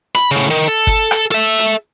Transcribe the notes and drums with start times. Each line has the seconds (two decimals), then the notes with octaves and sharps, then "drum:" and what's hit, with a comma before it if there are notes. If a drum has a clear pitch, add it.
0.15 B5, drum: hi-hat
0.31 A2 C#3
0.50 D#3
0.68 A4
0.87 drum: kick G1, hi-hat
1.11 drum: rim click
1.31 A4 E5
1.59 drum: hi-hat